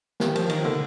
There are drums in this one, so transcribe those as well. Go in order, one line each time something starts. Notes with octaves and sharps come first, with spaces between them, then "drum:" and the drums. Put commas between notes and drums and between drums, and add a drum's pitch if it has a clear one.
D#3 G4, drum: snare
F3, drum: cymbal
F4
D#3 D#4, drum: cymbal
D3, drum: tom